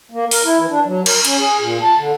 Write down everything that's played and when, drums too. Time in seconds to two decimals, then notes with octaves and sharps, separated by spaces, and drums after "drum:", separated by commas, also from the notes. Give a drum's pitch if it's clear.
0.12 A#3
0.31 A#4, drum: open hi-hat
0.45 E4
0.58 E3
0.69 D4
0.85 F#3
1.06 A#4, drum: cymbal
1.25 C#4, drum: hi-hat
1.39 G#4
1.60 A#2
1.82 A5
1.97 D3